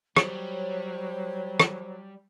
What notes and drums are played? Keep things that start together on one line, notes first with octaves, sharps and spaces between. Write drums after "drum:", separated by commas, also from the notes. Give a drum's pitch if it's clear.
F#3 G3 C5 C#5, drum: rim click
drum: rim click